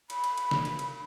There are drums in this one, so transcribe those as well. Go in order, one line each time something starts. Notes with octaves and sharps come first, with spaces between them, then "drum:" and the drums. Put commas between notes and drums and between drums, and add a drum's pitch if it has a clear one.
B5, drum: cymbal
drum: cymbal
drum: cymbal
drum: snare
drum: cymbal
drum: cymbal